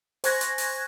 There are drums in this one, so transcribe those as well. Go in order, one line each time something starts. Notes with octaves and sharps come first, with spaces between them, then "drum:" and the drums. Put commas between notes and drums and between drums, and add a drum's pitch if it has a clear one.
C5 G#5 C#6 F#6 G#6 A#6, drum: open hi-hat
drum: hi-hat
drum: open hi-hat